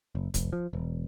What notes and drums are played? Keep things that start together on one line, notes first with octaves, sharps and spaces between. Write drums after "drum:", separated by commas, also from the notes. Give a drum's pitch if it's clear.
F#1
F1, drum: kick, hi-hat
F3
E1